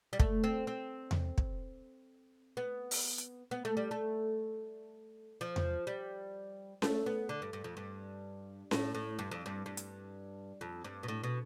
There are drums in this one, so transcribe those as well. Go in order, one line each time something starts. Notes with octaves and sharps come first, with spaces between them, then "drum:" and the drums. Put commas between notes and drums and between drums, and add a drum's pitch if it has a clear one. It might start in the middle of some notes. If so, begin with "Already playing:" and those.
G3
A3, drum: kick
C4
C4
drum: tom E2
drum: kick
B3
drum: open hi-hat
drum: hi-hat
B3
A3
G3
A3
F3
drum: tom E2
G3
A3, drum: snare C#4
B3
D3
G2
G2
F2
G2
A2, drum: snare C#4
A2
G2
F2
G2
G2
drum: hi-hat
F2
G2
B2
A2
B2